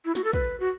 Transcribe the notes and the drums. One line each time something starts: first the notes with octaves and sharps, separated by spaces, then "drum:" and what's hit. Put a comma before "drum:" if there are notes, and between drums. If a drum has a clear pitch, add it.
E4
F#4, drum: snare
A4
B4, drum: kick
F#4